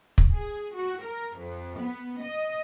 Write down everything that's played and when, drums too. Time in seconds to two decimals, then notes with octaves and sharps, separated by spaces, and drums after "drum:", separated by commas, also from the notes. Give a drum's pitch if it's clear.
0.18 drum: kick
0.33 G#4
0.75 F#4
1.04 A#4
1.37 F2
1.79 B3
2.22 D#5